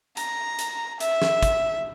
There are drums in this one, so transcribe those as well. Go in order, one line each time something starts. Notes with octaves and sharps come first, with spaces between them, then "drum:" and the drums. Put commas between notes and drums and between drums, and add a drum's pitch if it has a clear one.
A#5, drum: hi-hat
drum: hi-hat
E5, drum: hi-hat
drum: snare
drum: kick, hi-hat